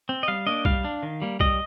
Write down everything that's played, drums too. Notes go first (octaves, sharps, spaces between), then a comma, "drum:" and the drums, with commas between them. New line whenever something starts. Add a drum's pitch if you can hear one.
C4
D#5
G3 F5
A#3 D4 D#5
G3 F5, drum: kick
D4
D#3
G3 A#3
G3 D#5, drum: kick